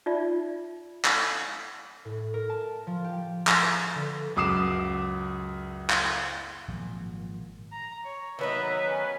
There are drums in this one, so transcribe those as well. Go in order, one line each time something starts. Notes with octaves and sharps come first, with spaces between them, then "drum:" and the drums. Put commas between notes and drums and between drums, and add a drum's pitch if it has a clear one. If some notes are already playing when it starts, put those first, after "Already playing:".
D#4 F4 D5 E5
drum: clap
A2
A#4
A5
F3
G4
drum: clap
B4
D3
C#2 F#2 D6 D#6 C7 E7
drum: clap
G#1 A#2 F3 F#3
A#5
C#5
D#3 F#3 B3 D#4 B4 E5
C#4 G#5